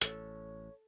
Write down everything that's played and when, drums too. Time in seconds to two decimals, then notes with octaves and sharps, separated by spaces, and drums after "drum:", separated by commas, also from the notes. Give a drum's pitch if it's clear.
0.01 A1 A4 C#5, drum: hi-hat